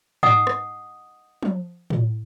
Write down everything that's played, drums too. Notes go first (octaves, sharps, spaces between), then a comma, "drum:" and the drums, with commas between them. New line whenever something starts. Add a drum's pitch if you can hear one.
D#5 F#5 D#6, drum: tom G#2
drum: rim click
drum: tom F3
drum: tom A2